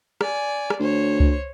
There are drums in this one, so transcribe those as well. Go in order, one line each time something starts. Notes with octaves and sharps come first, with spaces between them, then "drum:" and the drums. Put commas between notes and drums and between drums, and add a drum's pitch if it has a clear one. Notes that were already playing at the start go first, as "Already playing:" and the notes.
D5 G#5, drum: rim click
drum: rim click
D2 C5 C#5
drum: kick C#2